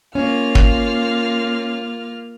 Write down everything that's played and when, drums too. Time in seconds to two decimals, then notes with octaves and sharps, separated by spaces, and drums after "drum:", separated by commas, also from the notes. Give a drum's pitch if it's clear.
0.15 A#3 C#4 F4 C#5 F6
0.55 drum: kick